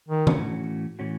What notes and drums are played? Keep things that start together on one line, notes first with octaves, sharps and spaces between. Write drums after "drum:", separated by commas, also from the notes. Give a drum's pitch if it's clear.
D#3
A2 E3 A3 C#4 F#4, drum: tom
A2 E3 A3 C#4 F#4